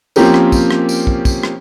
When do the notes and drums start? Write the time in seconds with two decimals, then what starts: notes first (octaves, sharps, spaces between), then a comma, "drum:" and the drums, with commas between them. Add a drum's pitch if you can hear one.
0.16 F3 A#3 C4 C#4 G4 A#4, drum: tambourine
0.34 drum: rim click
0.52 drum: kick, tambourine
0.71 drum: rim click
0.89 drum: tambourine
1.07 drum: kick
1.25 drum: kick, tambourine
1.43 drum: rim click